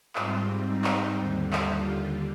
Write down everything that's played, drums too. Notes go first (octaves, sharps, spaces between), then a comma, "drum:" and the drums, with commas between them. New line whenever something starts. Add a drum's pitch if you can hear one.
G#2 G3 C4 F4, drum: clap
D#4
drum: clap
D#2 D3 G3
drum: clap
F4